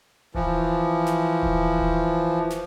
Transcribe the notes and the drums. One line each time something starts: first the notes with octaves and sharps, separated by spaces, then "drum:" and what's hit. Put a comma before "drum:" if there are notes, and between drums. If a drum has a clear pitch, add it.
E3 F3, drum: kick D#1
drum: snare
drum: kick D#1
drum: kick D#1
drum: snare